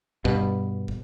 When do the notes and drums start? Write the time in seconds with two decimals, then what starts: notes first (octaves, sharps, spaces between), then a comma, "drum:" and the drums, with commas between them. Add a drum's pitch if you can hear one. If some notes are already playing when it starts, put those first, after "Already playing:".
0.25 G2 B2, drum: kick
0.88 drum: kick